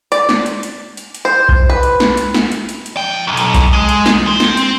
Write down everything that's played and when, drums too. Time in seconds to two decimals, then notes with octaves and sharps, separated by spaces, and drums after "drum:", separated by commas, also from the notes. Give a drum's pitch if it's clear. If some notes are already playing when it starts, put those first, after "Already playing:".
0.12 D5, drum: hi-hat
0.29 drum: snare
0.46 drum: hi-hat
0.63 drum: hi-hat
0.97 drum: hi-hat
1.15 drum: hi-hat
1.25 C5
1.49 drum: kick B1
1.70 B4
1.83 drum: hi-hat
2.00 drum: snare
2.17 drum: hi-hat
2.34 drum: snare
2.52 drum: hi-hat
2.69 drum: hi-hat
2.86 drum: hi-hat
2.97 F3 G5
3.27 B1 F#2
3.37 drum: hi-hat
3.54 drum: kick B1, hi-hat
3.73 G#3
3.89 drum: hi-hat
4.06 drum: snare
4.27 C4
4.40 drum: snare
4.57 drum: hi-hat